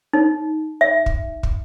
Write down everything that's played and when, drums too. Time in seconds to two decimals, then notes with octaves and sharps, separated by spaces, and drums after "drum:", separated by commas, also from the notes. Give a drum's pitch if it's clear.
0.13 D#4
0.81 E5
1.06 drum: kick
1.43 drum: kick